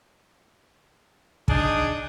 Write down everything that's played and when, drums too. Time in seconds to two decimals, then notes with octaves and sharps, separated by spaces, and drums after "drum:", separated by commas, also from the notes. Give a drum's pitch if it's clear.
1.48 D4 D#4 G#4, drum: kick